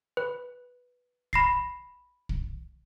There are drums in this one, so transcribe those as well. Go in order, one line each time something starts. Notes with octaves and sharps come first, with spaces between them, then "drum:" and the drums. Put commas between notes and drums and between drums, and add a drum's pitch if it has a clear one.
B4
B5 A#6 C7, drum: kick
drum: kick